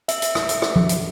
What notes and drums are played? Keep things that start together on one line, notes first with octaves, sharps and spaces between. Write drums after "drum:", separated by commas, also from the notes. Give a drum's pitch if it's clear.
E5, drum: hi-hat
drum: hi-hat
drum: rim click
drum: hi-hat
drum: rim click
drum: tom F3
drum: hi-hat